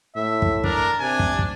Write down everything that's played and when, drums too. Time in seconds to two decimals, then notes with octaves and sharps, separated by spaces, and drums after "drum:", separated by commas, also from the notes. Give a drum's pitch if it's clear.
0.16 A2 E5
0.42 drum: kick
0.64 D4 A#4, drum: kick
1.00 C3 D4 G#5
1.19 drum: kick
1.39 drum: kick